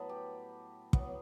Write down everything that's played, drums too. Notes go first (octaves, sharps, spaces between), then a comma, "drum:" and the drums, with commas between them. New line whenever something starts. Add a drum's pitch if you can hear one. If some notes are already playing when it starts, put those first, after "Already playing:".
Already playing: A2 F#3 B3 A4 B4
G4
A2 F#3 B3, drum: kick